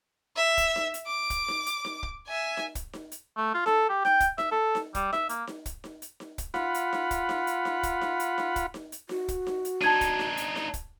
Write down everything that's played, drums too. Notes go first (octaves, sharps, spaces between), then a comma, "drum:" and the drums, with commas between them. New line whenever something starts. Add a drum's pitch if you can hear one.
E5
drum: kick, hi-hat
drum: snare D#4
drum: hi-hat
D6
drum: kick, hi-hat
drum: snare D#4
drum: hi-hat
drum: snare D#4
drum: kick
E5 G#5
drum: snare D#4
drum: kick, hi-hat
drum: snare D#4
drum: hi-hat
A3
F4
A4, drum: snare D#4
G4
G5, drum: snare D#4
drum: kick, hi-hat
E5, drum: snare D#4
A4
drum: snare D#4
G3, drum: kick, hi-hat
E5, drum: snare D#4
A#3, drum: hi-hat
drum: snare D#4
drum: kick, hi-hat
drum: snare D#4
drum: hi-hat
drum: snare D#4
drum: kick, hi-hat
F4 F#5 B5, drum: snare D#4
drum: hi-hat
drum: snare D#4
drum: kick, hi-hat
drum: snare D#4
drum: hi-hat
drum: snare D#4
drum: kick, hi-hat
drum: snare D#4
drum: hi-hat
drum: snare D#4
drum: kick, hi-hat
drum: snare D#4
drum: hi-hat
F#4, drum: snare D#4
drum: kick, hi-hat
drum: snare D#4
drum: hi-hat
D4 D#4 A5 G#6 D#7, drum: snare D#4
drum: kick, hi-hat
drum: snare D#4
drum: hi-hat
drum: snare D#4
drum: kick, hi-hat